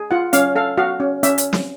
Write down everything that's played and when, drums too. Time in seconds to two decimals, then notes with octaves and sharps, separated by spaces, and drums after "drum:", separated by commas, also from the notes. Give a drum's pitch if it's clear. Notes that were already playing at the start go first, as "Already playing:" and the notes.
Already playing: G#4
0.11 F4 F#5
0.33 C#4 F5, drum: hi-hat
0.56 A4 F5
0.78 F#4 F5
1.00 C#4
1.23 C#4 E5, drum: hi-hat
1.38 drum: hi-hat
1.53 drum: snare